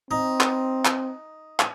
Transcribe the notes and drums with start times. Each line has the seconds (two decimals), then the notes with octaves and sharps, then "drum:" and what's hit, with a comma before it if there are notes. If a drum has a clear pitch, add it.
0.11 C4 D#4
0.41 drum: clap
0.85 drum: clap
1.60 drum: clap